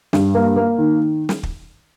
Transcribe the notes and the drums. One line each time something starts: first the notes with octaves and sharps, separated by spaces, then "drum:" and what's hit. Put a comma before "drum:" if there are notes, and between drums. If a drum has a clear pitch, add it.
G2, drum: snare
A#3
A#3
D#3
drum: snare
drum: kick